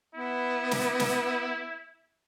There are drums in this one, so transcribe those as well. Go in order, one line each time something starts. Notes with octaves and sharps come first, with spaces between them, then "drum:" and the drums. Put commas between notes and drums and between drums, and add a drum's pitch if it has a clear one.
B3 E4
drum: snare
drum: snare